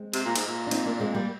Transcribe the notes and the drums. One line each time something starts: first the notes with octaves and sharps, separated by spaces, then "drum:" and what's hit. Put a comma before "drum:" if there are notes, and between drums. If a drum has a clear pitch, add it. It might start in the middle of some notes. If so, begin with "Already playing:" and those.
Already playing: G#3 C4
C3, drum: cymbal
A#2
G#2, drum: cymbal
A#2
D4
C4 D#4, drum: cymbal
A#3 D4
G#3 C4
G3 A#3